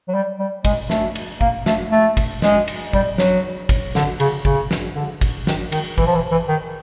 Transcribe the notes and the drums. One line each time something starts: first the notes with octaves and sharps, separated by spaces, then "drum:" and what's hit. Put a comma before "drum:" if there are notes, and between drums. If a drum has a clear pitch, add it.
F#3
G3
G3
G#3, drum: kick G#1, cymbal
A3, drum: snare
drum: cymbal
A#3, drum: kick G#1
A3, drum: snare
A3
drum: kick G#1, cymbal
G#3, drum: snare
drum: cymbal
G3, drum: kick G#1
F#3, drum: snare
drum: kick G#1, cymbal
D3, drum: snare
C#3, drum: cymbal
C#3, drum: kick G#1
drum: snare
D3
drum: kick G#1, cymbal
D#3, drum: snare
D#3, drum: cymbal
E3, drum: kick G#1
F3
E3
E3
D#3